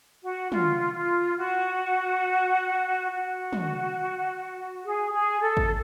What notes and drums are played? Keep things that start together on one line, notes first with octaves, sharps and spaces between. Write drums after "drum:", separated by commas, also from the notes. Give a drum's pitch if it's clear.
F#4
F4, drum: tom
F4
F#4
F#4
drum: tom
G#4
G#4
A4
drum: kick G#1